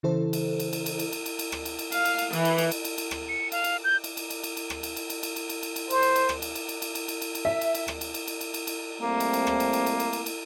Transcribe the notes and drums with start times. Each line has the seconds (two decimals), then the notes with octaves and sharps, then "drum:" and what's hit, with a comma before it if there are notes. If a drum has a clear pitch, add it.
0.03 C#3 E3 E4 A4 C5
0.33 drum: cymbal
0.60 drum: cymbal
0.73 drum: cymbal
0.86 drum: cymbal
0.99 drum: cymbal
1.12 drum: cymbal
1.26 drum: cymbal
1.39 drum: cymbal
1.52 drum: rim click
1.65 drum: cymbal
1.79 drum: cymbal
1.92 F5, drum: cymbal
2.05 drum: cymbal
2.18 drum: cymbal
2.33 E3, drum: cymbal
2.45 drum: cymbal
2.58 drum: cymbal
2.71 drum: cymbal
2.85 drum: cymbal
2.98 drum: cymbal
3.11 drum: rim click
3.29 C#7
3.52 F5, drum: cymbal
3.64 drum: cymbal
3.84 G6
4.04 drum: cymbal
4.17 drum: cymbal
4.30 drum: cymbal
4.44 drum: cymbal
4.57 drum: cymbal
4.70 drum: rim click
4.83 drum: cymbal
4.96 drum: cymbal
5.10 drum: cymbal
5.23 drum: cymbal
5.36 drum: cymbal
5.49 drum: cymbal
5.63 drum: cymbal
5.76 drum: cymbal
5.90 C5, drum: cymbal
6.02 drum: cymbal
6.16 drum: cymbal
6.29 drum: rim click
6.42 drum: cymbal
6.55 drum: cymbal
6.69 drum: cymbal
6.82 drum: cymbal
6.95 drum: cymbal
7.08 drum: cymbal
7.22 drum: cymbal
7.35 drum: cymbal
7.45 E5
7.61 drum: cymbal
7.75 drum: cymbal
7.88 drum: rim click
8.01 drum: cymbal
8.14 drum: cymbal
8.28 drum: cymbal
8.41 drum: cymbal
8.54 drum: cymbal
8.67 drum: cymbal
9.01 G3 A3 A#3 C4
9.20 drum: cymbal
9.33 drum: cymbal
9.47 drum: rim click
9.60 drum: cymbal
9.73 drum: cymbal
9.86 drum: cymbal
10.00 drum: cymbal
10.13 drum: cymbal
10.26 drum: cymbal